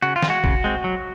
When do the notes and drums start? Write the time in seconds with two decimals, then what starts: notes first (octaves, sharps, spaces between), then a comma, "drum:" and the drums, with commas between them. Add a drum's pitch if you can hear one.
0.02 C#3 F#4
0.16 F4
0.23 C4, drum: snare
0.28 G#3 F#4
0.44 C#3, drum: kick
0.64 G#3 C4
0.84 F#3